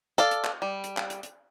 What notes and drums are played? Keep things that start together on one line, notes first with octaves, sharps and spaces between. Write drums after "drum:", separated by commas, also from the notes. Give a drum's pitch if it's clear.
A4 D5 F5, drum: hi-hat
drum: hi-hat
drum: clap
G3
drum: hi-hat
drum: clap
drum: hi-hat
drum: hi-hat